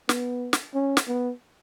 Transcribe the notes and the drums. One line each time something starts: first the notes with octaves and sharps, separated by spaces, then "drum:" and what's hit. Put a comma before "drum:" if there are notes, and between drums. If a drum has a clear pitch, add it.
B3, drum: snare
drum: snare
C#4
drum: snare
B3